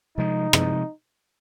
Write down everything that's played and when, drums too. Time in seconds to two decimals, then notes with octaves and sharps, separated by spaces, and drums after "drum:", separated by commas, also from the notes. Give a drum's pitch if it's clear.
0.17 C3 F3 G#3 D#4
0.53 C3 F3 G#3, drum: rim click